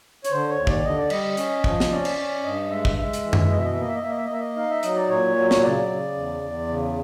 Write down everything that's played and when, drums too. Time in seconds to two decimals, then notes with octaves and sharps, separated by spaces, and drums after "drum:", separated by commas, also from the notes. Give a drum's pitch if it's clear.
0.24 C#5, drum: hi-hat
0.32 D3 C5
0.49 C#5
0.58 D#2
0.67 D5, drum: kick
0.84 D3 D#5
0.98 D5
1.10 G3 D#5, drum: cymbal
1.37 C#4, drum: hi-hat
1.64 F3, drum: kick
1.80 drum: snare
1.91 C#4 D5
2.05 drum: cymbal
2.18 C#4
2.43 G2 D#5
2.70 G#3 E5
2.85 drum: kick
2.97 G#3 E5
3.13 drum: hi-hat
3.23 E3
3.33 drum: tom F#2
3.50 B2 D#5
3.58 E5
3.65 D#5
3.73 E5
3.76 A#3 D#5
3.88 E5
3.95 D#5
4.03 A#3 E5
4.10 D#5
4.17 E5
4.25 D#5
4.30 A#3 E5
4.40 D#5
4.56 D#4 F5
4.70 E5
4.83 F#3 D#5, drum: hi-hat
4.96 D5
5.09 A#2 C#5
5.36 F#3
5.51 C#5, drum: snare
5.62 C#3 D5
5.89 C#3
6.16 E2
6.42 E2
6.69 C#3